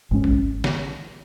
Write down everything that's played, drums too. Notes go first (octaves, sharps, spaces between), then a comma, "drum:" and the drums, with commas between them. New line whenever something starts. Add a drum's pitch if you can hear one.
G#1 G#2 G#3 C#4
drum: kick
drum: snare